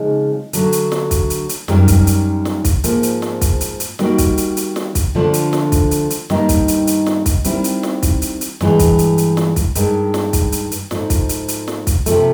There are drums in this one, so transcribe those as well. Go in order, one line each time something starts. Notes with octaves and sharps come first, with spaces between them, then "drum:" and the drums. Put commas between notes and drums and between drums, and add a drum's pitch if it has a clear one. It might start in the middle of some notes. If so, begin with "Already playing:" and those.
Already playing: C#3 F3 G#3 C4 D#4
D3 F#3 A3, drum: hi-hat
drum: hi-hat
drum: snare
drum: kick, hi-hat
drum: hi-hat
drum: hi-hat
F#2 D#3 G3, drum: snare
drum: kick, hi-hat
drum: hi-hat
drum: snare
drum: kick, hi-hat
G#2 F3 A#3, drum: hi-hat
drum: hi-hat
drum: snare
drum: kick, hi-hat
drum: hi-hat
drum: hi-hat
D#3 G3 A#3 D#4 F#4, drum: snare
drum: kick, hi-hat
drum: hi-hat
drum: hi-hat
drum: snare
drum: kick, hi-hat
D3 F3 A3 D4
drum: hi-hat
drum: snare
drum: kick, hi-hat
drum: hi-hat
drum: hi-hat
G2 D#3 G3 A#3 D#4, drum: snare
drum: kick, hi-hat
drum: hi-hat
drum: hi-hat
drum: snare
drum: kick, hi-hat
D#3 G3 C4 E4, drum: hi-hat
drum: hi-hat
drum: snare
drum: kick, hi-hat
drum: hi-hat
drum: hi-hat
G2 E3 G#3, drum: snare
drum: kick, hi-hat
drum: hi-hat
drum: hi-hat
drum: snare
drum: kick, hi-hat
G2 D#3 G#3, drum: hi-hat
drum: snare
drum: kick, hi-hat
drum: hi-hat
drum: hi-hat
G#2 F3 A3, drum: snare
drum: kick, hi-hat
drum: hi-hat
drum: hi-hat
drum: snare
drum: kick, hi-hat
C3 F3 A3, drum: hi-hat